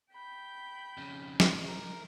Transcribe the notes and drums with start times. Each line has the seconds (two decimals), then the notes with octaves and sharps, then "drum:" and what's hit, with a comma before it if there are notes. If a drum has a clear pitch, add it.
0.12 G5 B5 G6
0.97 F2 C#3
1.40 drum: snare
1.68 A#4